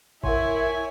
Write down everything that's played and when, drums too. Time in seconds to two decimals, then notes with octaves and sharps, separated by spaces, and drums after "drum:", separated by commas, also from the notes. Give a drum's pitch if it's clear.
0.24 E4 A#4 C#5 E5 F#5 G#5 C6, drum: kick